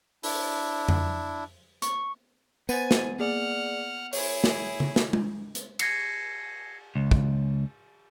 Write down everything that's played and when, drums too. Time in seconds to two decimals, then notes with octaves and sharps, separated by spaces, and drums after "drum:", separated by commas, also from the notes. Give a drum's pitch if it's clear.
0.23 D4 E4, drum: open hi-hat
0.88 drum: tom F2
1.82 C#6, drum: hi-hat
2.69 B3 C5 G#5 A6 D#7, drum: tambourine
2.91 drum: snare
3.19 A#3 G#4 D5 F#5 F6
4.13 E4 G#4 C#5, drum: open hi-hat
4.44 drum: snare
4.80 drum: tom C#3
4.96 drum: snare
5.13 drum: tom G#3
5.55 drum: hi-hat
5.79 G#6 A#6 C7 C#7, drum: cymbal
6.96 C#2
7.11 drum: kick